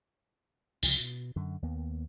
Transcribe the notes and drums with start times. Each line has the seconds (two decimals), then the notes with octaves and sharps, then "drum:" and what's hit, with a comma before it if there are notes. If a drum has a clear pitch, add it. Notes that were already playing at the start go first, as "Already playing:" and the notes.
0.83 C2 C#3 F3, drum: tambourine
1.00 B2
1.36 F#2 D3
1.62 D#2 A#3 B3